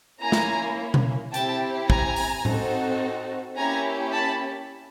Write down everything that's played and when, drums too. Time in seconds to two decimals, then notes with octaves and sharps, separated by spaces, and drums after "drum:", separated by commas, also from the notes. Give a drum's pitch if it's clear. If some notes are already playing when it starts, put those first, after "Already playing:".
0.22 A#3 C#4 E4 G#5 A#5
0.32 drum: snare
0.94 drum: tom B2
1.34 C4 E4 G4 G5 A5, drum: hi-hat
1.90 G#5 A#5, drum: kick
2.16 drum: open hi-hat
2.45 C4 D#4 F#4 A4, drum: tom A2
3.57 A#3 C#4 E4 G4 G#5 A#5
4.12 A5 B5